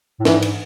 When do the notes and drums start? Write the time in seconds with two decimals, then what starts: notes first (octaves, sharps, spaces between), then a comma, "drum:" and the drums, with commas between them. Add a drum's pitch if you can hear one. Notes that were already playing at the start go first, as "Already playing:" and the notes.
0.20 A2
0.25 G#2 E3, drum: snare
0.42 drum: cymbal